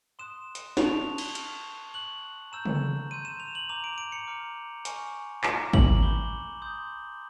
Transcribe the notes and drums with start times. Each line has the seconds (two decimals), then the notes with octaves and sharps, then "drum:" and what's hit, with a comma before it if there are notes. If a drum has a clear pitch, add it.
0.19 C6 D#6 F#6 E7
0.55 drum: hi-hat
0.77 A5 C#6 F#6 F7, drum: snare
1.18 drum: cymbal
1.35 C#6 F6, drum: hi-hat
1.94 C#6 F#6 F#7
2.52 A#5 C#6 E6 G6 E7
2.65 drum: tom C#3
3.11 C6 E6 G6 D#7
3.25 E7
3.40 F7
3.55 F#7
3.69 A#5 D6 G6 F7
3.84 D7
3.98 D7
4.12 C#7
4.27 A#5 D6 F6
4.85 G#5 C#6 F6, drum: hi-hat
5.44 A#5 D6 F6 E7, drum: clap
5.73 F#7, drum: kick G#1
6.02 B5 D6 G6 G7
6.60 C6 D#6 G6